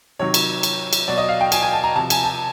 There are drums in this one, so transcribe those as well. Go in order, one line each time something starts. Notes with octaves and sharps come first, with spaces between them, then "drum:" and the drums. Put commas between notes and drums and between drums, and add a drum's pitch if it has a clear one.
C3 D#3 F#3 C#5
drum: cymbal
drum: cymbal
drum: cymbal
B2 F#3 D5
D#5
F5
G5
G#5, drum: cymbal
G#5
A5
A#5
C3 F3 A5
G#5, drum: cymbal
A5